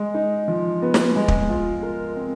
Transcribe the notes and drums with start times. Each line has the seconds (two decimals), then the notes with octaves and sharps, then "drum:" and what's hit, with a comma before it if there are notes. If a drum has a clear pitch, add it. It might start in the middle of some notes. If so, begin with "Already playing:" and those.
Already playing: G#3
0.14 D#4
0.48 F3
0.82 B3
0.94 drum: snare
1.16 G#3
1.28 drum: kick
1.49 F4
1.83 A#4
2.17 C4